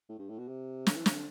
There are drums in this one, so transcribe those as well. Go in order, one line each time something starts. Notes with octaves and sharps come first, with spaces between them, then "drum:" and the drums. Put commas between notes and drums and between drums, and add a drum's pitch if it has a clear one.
A2
G2
A2
B2
C3
D3, drum: snare
E3
D3, drum: snare